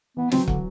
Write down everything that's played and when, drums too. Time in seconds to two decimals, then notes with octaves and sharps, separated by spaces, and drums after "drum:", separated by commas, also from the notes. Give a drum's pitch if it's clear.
0.17 E3 B3
0.31 F#3 C4, drum: snare
0.48 D3, drum: kick